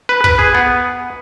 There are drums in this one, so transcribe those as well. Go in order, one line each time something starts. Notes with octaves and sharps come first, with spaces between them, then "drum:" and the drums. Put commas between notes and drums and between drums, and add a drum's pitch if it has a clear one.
B4
B4, drum: kick
G#4
B3